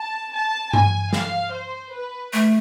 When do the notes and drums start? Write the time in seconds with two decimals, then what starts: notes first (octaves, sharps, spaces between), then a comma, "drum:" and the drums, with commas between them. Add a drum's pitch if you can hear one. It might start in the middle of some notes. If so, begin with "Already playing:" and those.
Already playing: A5
0.33 A5
0.73 G#5, drum: tom G2
1.13 F5, drum: snare
1.53 C5
1.93 B4
2.34 A3